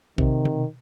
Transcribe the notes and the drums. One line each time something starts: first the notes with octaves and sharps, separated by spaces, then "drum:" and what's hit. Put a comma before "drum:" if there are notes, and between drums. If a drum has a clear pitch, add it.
C3 D#3, drum: kick
drum: tom B2